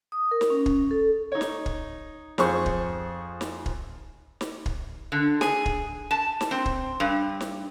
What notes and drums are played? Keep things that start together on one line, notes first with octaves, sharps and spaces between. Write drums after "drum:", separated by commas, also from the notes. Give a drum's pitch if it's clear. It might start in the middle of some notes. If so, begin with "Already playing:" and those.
D#6
A#4
drum: snare
C#4
drum: kick
A4
D#4 C#5
drum: snare
drum: kick
F2 G#4 C5 C#6, drum: snare
drum: kick
drum: snare
drum: kick
drum: snare
drum: kick
D3
G#4, drum: snare
drum: kick
A5
drum: snare
C4
drum: kick
G2
drum: snare